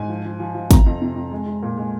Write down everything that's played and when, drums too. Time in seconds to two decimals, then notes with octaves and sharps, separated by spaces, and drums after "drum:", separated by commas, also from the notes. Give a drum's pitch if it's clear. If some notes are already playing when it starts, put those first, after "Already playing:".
Already playing: G#2 G#5
0.09 F3
0.25 F3
0.40 F3
0.55 F3
0.71 C3 A#5, drum: kick, hi-hat
0.86 F2
1.02 C3
1.16 F2
1.31 G#3
1.46 G#3
1.63 A#2
1.77 G#3